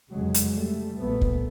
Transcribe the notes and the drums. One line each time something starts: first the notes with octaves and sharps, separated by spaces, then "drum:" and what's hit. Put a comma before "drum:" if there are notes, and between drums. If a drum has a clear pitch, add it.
F1 F2 C#3 F#3 G#3
drum: hi-hat
G3 A3
A#1 A#2 A3 B3
drum: kick